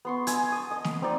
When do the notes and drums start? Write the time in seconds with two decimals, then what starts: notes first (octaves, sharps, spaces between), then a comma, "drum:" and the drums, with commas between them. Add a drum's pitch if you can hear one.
0.05 B3 C6 C#6
0.27 D#5 G#5 D#6 E6, drum: hi-hat
0.52 A5 D#6
0.71 D#5 D#6
0.84 drum: snare
1.02 C4 D#4 D5